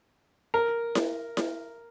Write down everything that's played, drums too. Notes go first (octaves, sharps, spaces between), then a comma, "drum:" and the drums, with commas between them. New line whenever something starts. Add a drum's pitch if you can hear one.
A#4
drum: snare E4
drum: snare E4